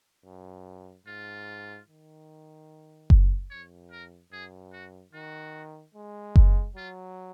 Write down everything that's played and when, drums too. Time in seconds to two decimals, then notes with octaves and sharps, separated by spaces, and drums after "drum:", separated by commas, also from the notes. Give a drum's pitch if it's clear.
0.25 F#2
1.06 G#2 F4
1.87 D#3
3.10 drum: kick F#1
3.50 F2 C#5
3.91 A#4
4.32 F#2 G#4
4.73 F#4
5.13 D#3 F#4
5.95 G#3
6.36 drum: kick F#1
6.76 F#3 F4